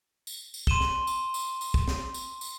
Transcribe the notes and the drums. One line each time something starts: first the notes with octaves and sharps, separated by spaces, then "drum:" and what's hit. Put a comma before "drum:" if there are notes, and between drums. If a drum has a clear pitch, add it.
drum: tambourine
drum: tambourine
C6 D#7 E7 G7, drum: kick
drum: snare
drum: tambourine
drum: tambourine
drum: tambourine
drum: kick
drum: snare
drum: tambourine
drum: tambourine